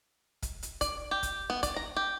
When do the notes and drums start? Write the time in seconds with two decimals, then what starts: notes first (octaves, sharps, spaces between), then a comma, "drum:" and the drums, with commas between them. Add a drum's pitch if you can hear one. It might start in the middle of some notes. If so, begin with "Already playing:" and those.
0.42 drum: kick, hi-hat
0.63 drum: hi-hat
0.81 D5, drum: kick, hi-hat
1.11 G4
1.23 drum: kick, hi-hat
1.50 B3
1.63 D5, drum: kick, hi-hat
1.76 A#5
1.96 G4